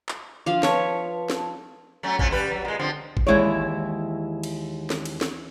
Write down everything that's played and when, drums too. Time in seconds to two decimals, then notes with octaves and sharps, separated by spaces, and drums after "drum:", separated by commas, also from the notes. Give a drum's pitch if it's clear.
0.09 drum: clap
0.46 F3 D4 F5
0.63 B4 C#5 A5, drum: snare
1.30 drum: snare
2.03 F#3 A3 C#4
2.19 F3 A3 C#4, drum: kick
2.31 G3 B4
2.52 F#3
2.65 A#2 G#3
2.79 D3 F3 C4
3.17 drum: kick
3.27 D#2 E3 G#3 E4 C#5 D5
4.43 drum: cymbal
4.90 drum: snare
5.06 drum: cymbal
5.21 drum: snare